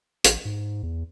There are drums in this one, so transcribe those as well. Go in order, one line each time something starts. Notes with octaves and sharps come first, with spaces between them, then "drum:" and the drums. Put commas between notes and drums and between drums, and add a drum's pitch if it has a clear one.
A1, drum: hi-hat
G#2
E2